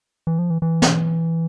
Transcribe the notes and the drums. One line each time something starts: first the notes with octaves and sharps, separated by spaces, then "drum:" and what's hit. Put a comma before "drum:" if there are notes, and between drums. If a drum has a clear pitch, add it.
E3
F3
E3
E3
drum: snare